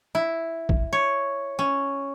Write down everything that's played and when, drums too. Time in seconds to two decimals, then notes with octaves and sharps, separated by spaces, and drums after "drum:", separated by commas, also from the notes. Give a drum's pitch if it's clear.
0.15 E4
0.69 drum: kick
0.93 C#5
1.59 C#4